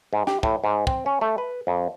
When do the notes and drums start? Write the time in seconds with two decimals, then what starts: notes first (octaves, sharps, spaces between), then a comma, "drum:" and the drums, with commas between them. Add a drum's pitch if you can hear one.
0.13 G#2
0.27 G4, drum: snare
0.43 A2, drum: kick
0.64 G#2
0.87 C4, drum: kick
1.06 C#4
1.21 A3
1.38 B4
1.67 F2